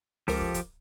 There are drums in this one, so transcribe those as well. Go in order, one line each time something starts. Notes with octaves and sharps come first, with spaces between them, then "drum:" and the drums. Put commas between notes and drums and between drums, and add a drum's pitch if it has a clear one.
C#2 F3 G4 A4 A#4 D6, drum: open hi-hat
drum: kick
drum: kick, hi-hat